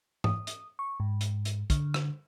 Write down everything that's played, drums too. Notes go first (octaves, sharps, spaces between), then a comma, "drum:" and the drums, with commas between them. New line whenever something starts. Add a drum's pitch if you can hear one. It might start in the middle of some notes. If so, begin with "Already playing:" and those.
D#6, drum: tom G#2
drum: hi-hat
C#6
G#2
drum: hi-hat
drum: hi-hat
D3, drum: kick, hi-hat
drum: rim click